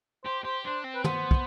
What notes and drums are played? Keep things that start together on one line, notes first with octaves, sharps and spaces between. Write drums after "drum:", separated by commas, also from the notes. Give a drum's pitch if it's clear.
G4 C5
G4 C5
D4 C5
C4
B4
B3 C5, drum: tom
drum: kick